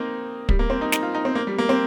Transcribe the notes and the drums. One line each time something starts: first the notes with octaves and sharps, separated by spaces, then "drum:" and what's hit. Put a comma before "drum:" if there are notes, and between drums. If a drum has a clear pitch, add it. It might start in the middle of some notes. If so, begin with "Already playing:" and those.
Already playing: A#3 C4 D#4
G3, drum: kick
A#3
C4
D#4
D#4, drum: snare
F4
D#4
C4
A#3
G3
A#3
C4